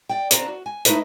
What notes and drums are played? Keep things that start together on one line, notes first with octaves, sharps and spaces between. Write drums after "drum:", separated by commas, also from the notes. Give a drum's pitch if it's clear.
D5 G5
C#3 C4 D4 A#5, drum: hi-hat
F#4
G#5
A3 D#4 E4 B4 D#5, drum: hi-hat